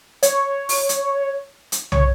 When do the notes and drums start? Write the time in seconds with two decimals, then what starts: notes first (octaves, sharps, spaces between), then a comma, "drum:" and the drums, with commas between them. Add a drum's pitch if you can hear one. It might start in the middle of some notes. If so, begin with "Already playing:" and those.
0.23 C#5, drum: hi-hat
0.69 drum: open hi-hat
0.89 drum: hi-hat
1.72 drum: hi-hat
1.92 C#5, drum: tom